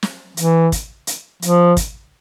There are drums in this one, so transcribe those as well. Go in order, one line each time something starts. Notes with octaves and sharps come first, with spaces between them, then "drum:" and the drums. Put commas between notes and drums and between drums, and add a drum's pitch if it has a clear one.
drum: snare
E3, drum: hi-hat
drum: kick, hi-hat
drum: hi-hat
F3, drum: hi-hat
drum: kick, hi-hat